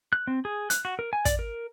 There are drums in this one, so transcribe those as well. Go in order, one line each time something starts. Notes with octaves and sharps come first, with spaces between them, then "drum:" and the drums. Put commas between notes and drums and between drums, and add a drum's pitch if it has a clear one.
F#6
C4
G#4
F#6, drum: hi-hat
F#4
A#4
G#5
D5, drum: kick, hi-hat
A#4